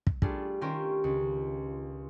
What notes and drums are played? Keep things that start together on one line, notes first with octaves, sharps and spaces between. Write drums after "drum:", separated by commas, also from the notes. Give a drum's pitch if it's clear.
drum: kick
G3 A3 D4 F4 G#4, drum: kick
D#3 C#4 F4 G4 A#4 C5
C#2